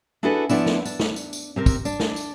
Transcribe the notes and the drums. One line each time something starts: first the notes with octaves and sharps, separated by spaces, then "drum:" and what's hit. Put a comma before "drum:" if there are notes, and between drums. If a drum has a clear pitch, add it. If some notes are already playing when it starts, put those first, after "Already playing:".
D4 E4 F#4 G#4 A4 B4
F3 B3 D4 E4, drum: tambourine
drum: snare
D4, drum: tambourine
drum: snare
drum: tambourine
drum: tambourine
C3 C4 A#4
drum: kick, tambourine
D4, drum: tambourine
drum: snare
drum: tambourine